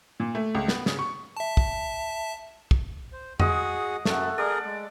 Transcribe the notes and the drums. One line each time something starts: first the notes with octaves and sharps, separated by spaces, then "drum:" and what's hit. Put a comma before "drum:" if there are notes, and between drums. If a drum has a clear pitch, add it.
A#2
A3
C#2
B3, drum: snare
C#3, drum: snare
C#6
E5 A5
drum: kick
drum: kick
C5
G#3 F#4 G#4 D#5 F#5, drum: tom F2
F#2 A3 A4 F#5, drum: snare
G#4 A#4 D5
G#3